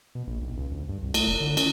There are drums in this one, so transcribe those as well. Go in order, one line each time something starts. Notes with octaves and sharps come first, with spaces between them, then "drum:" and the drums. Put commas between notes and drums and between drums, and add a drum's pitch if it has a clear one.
B2
A#1
B1
C#2
D2
G2
C2
A3, drum: cymbal
F1
D3
C#4, drum: cymbal